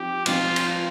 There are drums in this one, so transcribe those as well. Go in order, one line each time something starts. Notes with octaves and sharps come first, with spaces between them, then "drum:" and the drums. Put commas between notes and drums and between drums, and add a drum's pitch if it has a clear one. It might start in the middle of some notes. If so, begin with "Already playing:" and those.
Already playing: F3 C4 D#4 G4
F3 C4 D#4 F4, drum: cymbal
drum: cymbal